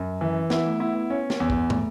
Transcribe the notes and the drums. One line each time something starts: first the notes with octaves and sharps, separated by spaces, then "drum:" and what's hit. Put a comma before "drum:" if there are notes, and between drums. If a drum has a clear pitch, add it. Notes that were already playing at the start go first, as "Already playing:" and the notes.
Already playing: F#2 C#4
E3
B3 E4, drum: snare
A3
B3 E4
B3
C#4
drum: snare
E2
drum: kick
A3, drum: tom